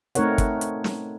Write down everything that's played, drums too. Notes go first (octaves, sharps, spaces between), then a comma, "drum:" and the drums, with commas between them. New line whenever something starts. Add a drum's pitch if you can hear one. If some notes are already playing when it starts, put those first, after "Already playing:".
A3 C4 D#4 A#4 C#5 F#5, drum: hi-hat
drum: kick, hi-hat
drum: hi-hat
drum: snare